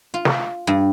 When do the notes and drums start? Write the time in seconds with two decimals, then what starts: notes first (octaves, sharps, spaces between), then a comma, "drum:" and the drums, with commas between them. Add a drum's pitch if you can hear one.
0.14 F4
0.25 drum: snare
0.67 G2